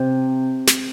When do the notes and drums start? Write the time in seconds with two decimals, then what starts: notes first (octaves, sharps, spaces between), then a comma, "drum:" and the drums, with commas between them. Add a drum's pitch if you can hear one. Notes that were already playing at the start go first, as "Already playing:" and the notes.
Already playing: C3
0.67 drum: snare